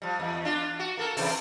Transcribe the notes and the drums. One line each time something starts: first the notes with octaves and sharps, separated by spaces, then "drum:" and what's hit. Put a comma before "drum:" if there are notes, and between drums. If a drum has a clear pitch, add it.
F3 G3
E2
D4 F4
F#4
A#3 A4 A#4
C3 E3, drum: open hi-hat